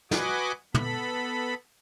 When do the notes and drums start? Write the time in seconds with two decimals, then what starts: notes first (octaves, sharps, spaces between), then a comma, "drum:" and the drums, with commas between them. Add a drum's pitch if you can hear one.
0.11 F#4 B4 D#5 F#5 G#5 D6, drum: snare
0.74 B3 A4 B5, drum: tom